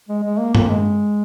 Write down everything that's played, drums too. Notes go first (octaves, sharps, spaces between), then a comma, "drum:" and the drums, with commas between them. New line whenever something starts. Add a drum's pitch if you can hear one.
G#3
G#3
A#3
A#3, drum: tom G2
G#3